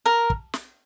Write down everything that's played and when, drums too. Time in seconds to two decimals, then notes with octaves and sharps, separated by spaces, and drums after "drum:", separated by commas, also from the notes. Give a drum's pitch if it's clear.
0.06 A#4
0.30 drum: kick
0.54 drum: snare